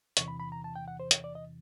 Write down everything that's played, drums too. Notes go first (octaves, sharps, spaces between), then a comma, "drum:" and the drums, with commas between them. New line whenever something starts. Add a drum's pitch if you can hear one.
E2 C3 E3 C#6, drum: hi-hat
B5
B5
A#5
A5
G5
F#5
C5
C#5, drum: hi-hat
D5
D#5